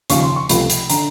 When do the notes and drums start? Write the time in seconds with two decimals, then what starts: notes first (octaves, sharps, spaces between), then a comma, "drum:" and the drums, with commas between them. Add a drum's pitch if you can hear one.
0.10 D#2 C#3 F3 C#6, drum: hi-hat
0.23 C6
0.36 C#6
0.49 C#2 C3 F3 A3 B5, drum: hi-hat
0.70 drum: hi-hat
0.90 D3 A#5, drum: hi-hat